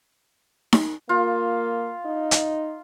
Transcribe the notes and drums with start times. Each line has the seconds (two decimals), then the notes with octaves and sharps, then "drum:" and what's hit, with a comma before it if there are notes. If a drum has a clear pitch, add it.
0.73 drum: snare D#4
1.09 A#3 F4
2.05 D#4
2.31 drum: hi-hat